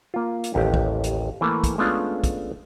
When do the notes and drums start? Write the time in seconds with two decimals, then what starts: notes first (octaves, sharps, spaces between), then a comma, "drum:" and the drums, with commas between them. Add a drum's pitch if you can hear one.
0.14 A#3 F4
0.44 drum: hi-hat
0.54 A1 D#2 G4
0.74 drum: kick
1.04 drum: hi-hat
1.41 E3 A3 A#3
1.64 drum: kick, hi-hat
1.78 G#3 A3 B3 C#4 D4 F4
2.24 drum: kick, hi-hat